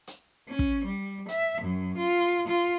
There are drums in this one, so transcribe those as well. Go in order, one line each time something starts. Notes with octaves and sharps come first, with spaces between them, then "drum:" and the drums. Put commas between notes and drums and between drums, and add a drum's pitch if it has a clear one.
drum: hi-hat
C#4
drum: kick
G3
E5, drum: hi-hat
F#2
F4
F4